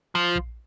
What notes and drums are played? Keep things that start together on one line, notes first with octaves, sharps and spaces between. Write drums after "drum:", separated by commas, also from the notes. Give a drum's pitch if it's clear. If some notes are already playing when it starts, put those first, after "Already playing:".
F3
drum: kick A#1